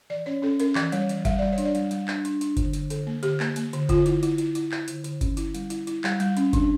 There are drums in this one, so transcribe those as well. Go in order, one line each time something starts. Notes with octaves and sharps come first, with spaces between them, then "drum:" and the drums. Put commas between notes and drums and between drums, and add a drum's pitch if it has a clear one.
E3 D5
C#4 C#5
C#4 A4
C#4 A#4, drum: hi-hat
E3, drum: clap
G3 C#5, drum: hi-hat
E3, drum: hi-hat
G3 E5, drum: kick G1, hi-hat
G3 D5
C#5
D4, drum: hi-hat
D5
G3, drum: hi-hat
G3, drum: hi-hat
D4, drum: clap
D4, drum: hi-hat
D4, drum: hi-hat
D3, drum: kick G1, hi-hat
D3, drum: hi-hat
D3 A4, drum: hi-hat
A#3
D3 G4, drum: hi-hat
A#3, drum: clap
A#3, drum: hi-hat
D3, drum: hi-hat
D3 F4, drum: kick G1, hi-hat
E4, drum: hi-hat
E4, drum: hi-hat
E4, drum: hi-hat
E4, drum: hi-hat
E4, drum: clap
D3, drum: hi-hat
D3, drum: hi-hat
C#4, drum: kick G1, hi-hat
E4, drum: hi-hat
G3, drum: hi-hat
E4, drum: hi-hat
E4, drum: hi-hat
G3, drum: clap
G3, drum: hi-hat
C#4, drum: hi-hat
D4, drum: kick G1, hi-hat